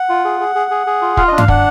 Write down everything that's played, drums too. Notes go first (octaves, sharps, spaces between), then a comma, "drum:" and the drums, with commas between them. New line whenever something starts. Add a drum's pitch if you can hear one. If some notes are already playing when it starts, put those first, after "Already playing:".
Already playing: F#5
F4
G#4
G#4
G#4
G#4
G#4
F4
F4 F5, drum: kick
D4 D#5
F5, drum: tom G2
D4 F#5, drum: kick